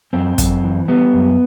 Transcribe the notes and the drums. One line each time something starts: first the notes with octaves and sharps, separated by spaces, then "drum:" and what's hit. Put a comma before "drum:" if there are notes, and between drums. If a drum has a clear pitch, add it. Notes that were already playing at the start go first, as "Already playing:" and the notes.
F#2 C4
F#2, drum: kick, hi-hat
E3
G3 B3
F#2